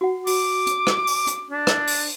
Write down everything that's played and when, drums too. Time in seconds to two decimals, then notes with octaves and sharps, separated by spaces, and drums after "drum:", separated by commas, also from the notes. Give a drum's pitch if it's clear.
0.01 F#4 F#5
0.27 F#4 D6, drum: open hi-hat
0.67 drum: hi-hat
0.87 drum: rim click
1.07 drum: open hi-hat
1.27 drum: hi-hat
1.50 D4
1.67 drum: rim click
1.87 drum: open hi-hat